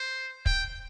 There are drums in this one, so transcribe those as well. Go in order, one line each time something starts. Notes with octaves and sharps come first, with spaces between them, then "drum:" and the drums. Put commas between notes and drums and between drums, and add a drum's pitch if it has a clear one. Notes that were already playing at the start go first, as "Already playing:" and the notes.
Already playing: C5
G5, drum: kick